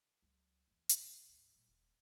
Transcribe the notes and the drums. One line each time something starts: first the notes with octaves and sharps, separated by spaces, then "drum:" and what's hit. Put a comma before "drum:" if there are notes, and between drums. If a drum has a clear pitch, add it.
C#2 F#3
D#2 E3
A#2, drum: hi-hat
D2 G#2
A#2 G3
D#1 D3